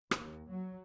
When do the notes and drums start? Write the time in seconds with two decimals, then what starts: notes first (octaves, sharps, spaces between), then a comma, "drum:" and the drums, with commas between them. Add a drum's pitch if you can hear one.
0.11 D#2, drum: rim click
0.49 F#3